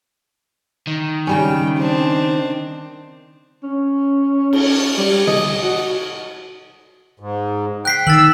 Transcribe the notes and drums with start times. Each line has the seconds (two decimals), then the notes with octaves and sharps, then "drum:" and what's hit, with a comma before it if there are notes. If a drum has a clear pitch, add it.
0.87 D#3
1.27 C#3 G3 C#4 G5
1.76 C4 D4
3.63 C#4
4.53 drum: cymbal
4.97 G3
5.27 D#5, drum: tom
5.63 F#4
7.20 G#2
7.85 G5 F#6 B6 C7
8.07 D#3 E6 A6 F#7